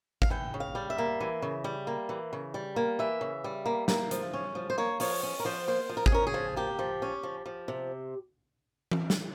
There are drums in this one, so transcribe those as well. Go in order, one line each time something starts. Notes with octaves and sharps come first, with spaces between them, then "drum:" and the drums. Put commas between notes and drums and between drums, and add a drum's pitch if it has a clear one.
F5, drum: kick G#1
E3 G5
C#3
F5
G3
E5
A#3
E3
C#3
G3
A#3
E3
C#3
G3
A#3
E3 E5
C#3
G3
A#3
A#3, drum: snare
F3, drum: hi-hat
C#4
F3
C5
A#3 C#5
F3 C#5, drum: open hi-hat
C#4
A#4
F3 C5
A#3 C5
F3
A#4
G#4, drum: kick G#1
C#4 A#4
G#4
F3
A#3 G4
F3
C#4
F3
F3
C3
drum: tom E3
drum: snare